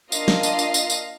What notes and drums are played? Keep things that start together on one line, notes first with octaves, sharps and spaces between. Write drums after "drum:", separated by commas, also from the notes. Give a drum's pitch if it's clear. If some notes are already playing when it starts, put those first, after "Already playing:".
A#3 D4 F4 D#5 F5, drum: tambourine
drum: snare
drum: tambourine
drum: tambourine
drum: tambourine
drum: tambourine